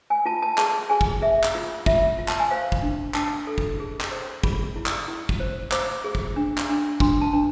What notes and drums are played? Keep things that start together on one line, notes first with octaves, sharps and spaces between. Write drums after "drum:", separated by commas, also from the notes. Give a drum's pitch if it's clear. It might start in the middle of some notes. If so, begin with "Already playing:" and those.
G#5
F4 A5
A5
G#4 A5, drum: clap
G#4 G#5
drum: kick
G#4 E5
drum: clap
F4
F4 E5, drum: kick
F4
A5, drum: clap
G#5
C5 F5
drum: kick
D4
D4 A5, drum: clap
A4
drum: kick
G#4
drum: clap
C5
G#4 B5, drum: kick
E4
drum: clap
E4
drum: kick
C5
C5 D6, drum: clap
G#4
drum: kick
D4
drum: clap
D4
D4 C6, drum: kick
A5
D4